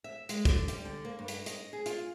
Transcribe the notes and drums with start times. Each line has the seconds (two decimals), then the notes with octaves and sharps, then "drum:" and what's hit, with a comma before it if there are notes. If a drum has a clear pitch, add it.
0.04 E5
0.29 G#3, drum: hi-hat
0.45 D3, drum: kick, hi-hat
0.68 G3, drum: hi-hat
0.85 D3
1.05 A#3
1.19 G2
1.28 drum: hi-hat
1.46 D#5, drum: hi-hat
1.73 G#4
1.86 F4, drum: hi-hat